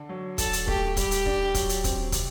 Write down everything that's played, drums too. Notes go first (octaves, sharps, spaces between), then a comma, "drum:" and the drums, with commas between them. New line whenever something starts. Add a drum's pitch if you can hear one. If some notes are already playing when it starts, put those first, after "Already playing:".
Already playing: D3
F#3
D3 A4, drum: kick, hi-hat
drum: hi-hat
A3 G4, drum: kick
G3 G4, drum: kick, hi-hat
drum: hi-hat
D4, drum: kick
F#3, drum: kick, hi-hat
drum: hi-hat
C4, drum: kick, hi-hat
C3, drum: kick, hi-hat